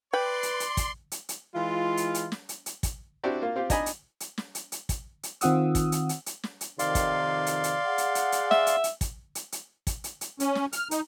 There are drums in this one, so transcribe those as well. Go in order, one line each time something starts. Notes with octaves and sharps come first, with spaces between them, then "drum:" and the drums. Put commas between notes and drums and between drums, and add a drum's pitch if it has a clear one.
B4 D5 G5 C6
drum: hi-hat
drum: hi-hat
drum: kick, hi-hat
drum: hi-hat
drum: hi-hat
E3 G#3 F4
drum: hi-hat
drum: hi-hat
drum: snare
drum: hi-hat
drum: hi-hat
drum: kick, hi-hat
C4 D4 E4 F#4 G4 D5
A#3 F4
C4 F4 G4
D4 D#4 D#5 G#5 A#5 B5, drum: kick, hi-hat
drum: hi-hat
drum: hi-hat
drum: snare
drum: hi-hat
drum: hi-hat
drum: kick, hi-hat
drum: hi-hat
D#3 C4 F4 F#5 D#6 E6, drum: hi-hat
drum: kick, hi-hat
drum: hi-hat
drum: hi-hat
drum: hi-hat
drum: snare
drum: hi-hat
F2 C3 D#3 D5 F5 C6, drum: hi-hat
drum: kick, hi-hat
drum: hi-hat
drum: hi-hat
G#4 F#5
drum: hi-hat
drum: hi-hat
drum: hi-hat
E5, drum: snare
drum: hi-hat
drum: hi-hat
drum: kick, hi-hat
drum: hi-hat
drum: hi-hat
drum: kick, hi-hat
drum: hi-hat
drum: hi-hat
C#4, drum: hi-hat
drum: snare
F6, drum: hi-hat
D#4, drum: hi-hat